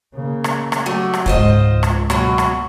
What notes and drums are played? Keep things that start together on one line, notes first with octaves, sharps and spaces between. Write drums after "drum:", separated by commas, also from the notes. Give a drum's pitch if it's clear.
C#3 A#3
drum: rim click
drum: rim click
F#3 G3 A3
drum: rim click
C#2 G#2 F4 C5 D#5, drum: kick
C#2
drum: rim click
B2 F#3 A#3, drum: rim click
drum: rim click